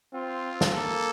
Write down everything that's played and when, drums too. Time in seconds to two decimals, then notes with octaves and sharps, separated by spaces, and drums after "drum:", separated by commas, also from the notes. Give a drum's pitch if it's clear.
0.13 C4 F4
0.61 drum: snare
0.73 A#3 A4